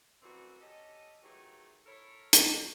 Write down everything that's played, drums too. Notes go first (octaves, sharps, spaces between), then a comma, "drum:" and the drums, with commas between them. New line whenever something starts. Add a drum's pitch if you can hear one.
F#2 E3 G3 A3 C4 F#4
C#4 G4 A4 D#5
D#3 E3 F#3 A3 G4 G#4
E4 A4 A#4 C#5
drum: hi-hat